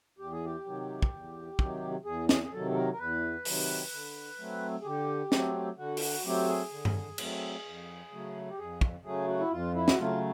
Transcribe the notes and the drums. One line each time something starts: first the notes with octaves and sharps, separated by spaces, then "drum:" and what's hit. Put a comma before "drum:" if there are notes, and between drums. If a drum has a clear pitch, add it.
E2 G4
G#4
G4
C3 D#3 F#3
drum: kick
E2
C3 D#3 F#3, drum: kick
E2 G#4
G#4, drum: snare
G#4
C3 D#3 F#3 A4
A4
A#4
A#4
E2 B4
C3 D#3 F#3, drum: open hi-hat
D3
F#3 A3 C4
G#4
D3 G4
F#3 A3 C4, drum: snare
D3 F#4
F4, drum: open hi-hat
F#4
F#3 A3 C4 G4
G#4
D3
drum: tom G2
F#3 A3 C4, drum: cymbal
F2
C#3 F#3 A3
G4
F2 G#4
drum: kick
C#3 F#3 A3 G#4
F#4
E4
F2 F4
E4
F#4, drum: snare
C#3 F#3 A3 F4